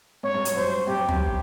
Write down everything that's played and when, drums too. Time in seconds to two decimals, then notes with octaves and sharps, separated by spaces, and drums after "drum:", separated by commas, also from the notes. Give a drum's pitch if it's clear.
0.23 G#2 C#5
0.34 G2
0.45 F#2, drum: hi-hat
0.55 F#2 C5
0.87 G2 G4
0.98 F#2
1.09 G2, drum: tom